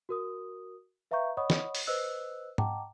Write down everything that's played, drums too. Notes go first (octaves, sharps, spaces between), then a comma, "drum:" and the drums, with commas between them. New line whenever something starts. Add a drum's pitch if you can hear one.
F#4 A#4 D#6
B4 E5 F5 A#5 C#6 G6
C#5 D#5 F#5 B5 C#6 D#6
drum: snare
drum: open hi-hat
B4 C5 D#5 E6 F#6
D#5 F#5 G5 A5 A#5 D6, drum: tom G#2